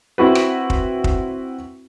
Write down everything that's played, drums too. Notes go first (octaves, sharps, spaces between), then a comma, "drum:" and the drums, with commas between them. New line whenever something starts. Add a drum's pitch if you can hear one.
C4 E4 F#4 B4
drum: rim click
drum: kick
drum: kick